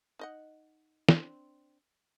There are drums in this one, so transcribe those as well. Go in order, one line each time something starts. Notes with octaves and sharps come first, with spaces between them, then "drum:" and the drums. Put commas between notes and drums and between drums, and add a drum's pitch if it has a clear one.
D#4 D#5 F#5
C4 D4, drum: snare